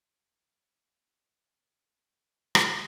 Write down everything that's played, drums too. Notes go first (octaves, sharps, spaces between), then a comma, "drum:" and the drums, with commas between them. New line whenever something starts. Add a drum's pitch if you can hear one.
F4 B4 F5 F#5
drum: rim click